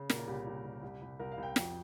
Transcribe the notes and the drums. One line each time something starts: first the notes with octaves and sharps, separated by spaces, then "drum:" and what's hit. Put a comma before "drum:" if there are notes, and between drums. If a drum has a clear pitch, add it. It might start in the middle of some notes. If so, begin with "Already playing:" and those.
Already playing: C#3
A#2 A#4, drum: snare
C2 G4
C2
C2
C2
C2
C2 A#4
F5
C2
G5
F2, drum: snare